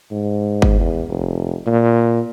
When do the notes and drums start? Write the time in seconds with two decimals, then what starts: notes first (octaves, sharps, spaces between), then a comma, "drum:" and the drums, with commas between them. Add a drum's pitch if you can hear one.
0.11 G#2
0.62 drum: kick G1
0.80 E2
1.08 F1
1.67 A#2